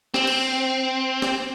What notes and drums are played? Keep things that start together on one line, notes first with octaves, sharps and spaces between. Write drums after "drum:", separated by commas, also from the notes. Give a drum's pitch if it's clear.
C4, drum: snare
drum: cymbal
drum: snare